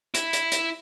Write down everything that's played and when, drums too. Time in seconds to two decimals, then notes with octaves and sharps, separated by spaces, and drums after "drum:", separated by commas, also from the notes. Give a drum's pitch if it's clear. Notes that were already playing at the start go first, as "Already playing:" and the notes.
0.14 E4, drum: hi-hat
0.33 drum: hi-hat
0.52 drum: hi-hat